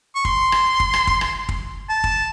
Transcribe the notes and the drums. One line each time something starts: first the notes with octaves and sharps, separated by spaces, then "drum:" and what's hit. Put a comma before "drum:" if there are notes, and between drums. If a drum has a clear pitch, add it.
C#6
C6, drum: kick
drum: rim click
drum: kick
drum: rim click
drum: kick
drum: rim click
drum: kick
A5
drum: kick